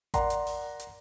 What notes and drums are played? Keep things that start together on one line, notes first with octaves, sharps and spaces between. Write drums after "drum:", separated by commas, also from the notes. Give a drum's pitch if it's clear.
A#4 D5 F#5 A#5 C6, drum: kick A1, hi-hat
drum: hi-hat
drum: open hi-hat
drum: hi-hat